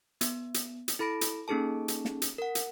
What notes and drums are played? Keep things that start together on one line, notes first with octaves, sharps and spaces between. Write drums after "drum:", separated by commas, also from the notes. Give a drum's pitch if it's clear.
B3, drum: hi-hat
drum: hi-hat
drum: hi-hat
E4 A4 B5 A#6 D7
drum: hi-hat
A#3 C#4 D#4 G#4 A4 A5
drum: hi-hat
drum: snare
drum: hi-hat
A#4 F#5
drum: hi-hat